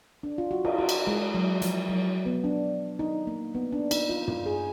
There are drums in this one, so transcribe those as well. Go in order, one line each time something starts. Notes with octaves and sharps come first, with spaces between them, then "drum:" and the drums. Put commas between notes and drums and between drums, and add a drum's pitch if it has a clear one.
D4
F4
F#4
F4, drum: cymbal
F#4
drum: cymbal
G#3
F#3
F3, drum: hi-hat
F#3
B3
D4
D#4
A#3
B3
D4
D#4, drum: cymbal
F4
F4, drum: tom
G#4